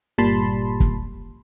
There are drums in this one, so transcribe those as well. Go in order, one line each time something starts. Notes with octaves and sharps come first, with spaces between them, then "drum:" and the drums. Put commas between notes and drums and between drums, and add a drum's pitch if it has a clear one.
G1 A#2 G3 A5 B5 C6
drum: kick